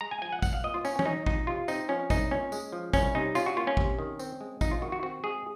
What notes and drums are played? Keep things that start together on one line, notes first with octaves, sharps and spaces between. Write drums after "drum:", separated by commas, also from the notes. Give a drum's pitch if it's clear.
G#3 A#5
G#5
F3 G#5
F#5
C2 F#5, drum: kick, tambourine
F5
A#2 D#5
F4
C#4, drum: tambourine
C#4, drum: tom E3
F#3 D#4
F2 D#4, drum: kick
C3 F4
C4 D#4, drum: tambourine
F3 C#4
C2 D#4, drum: kick, tambourine
A#2 C#4
G#3, drum: tambourine
F3
C2 C#4, drum: kick, tambourine
C3 D#4
C#4 F4, drum: tambourine
F#4
A#3 F4
C#4
C3, drum: kick
D#3
C4, drum: tambourine
G#3
F2 D#4, drum: kick, tambourine
F4
D#3 F#4
F#4
C4 F#4
G#3 G#4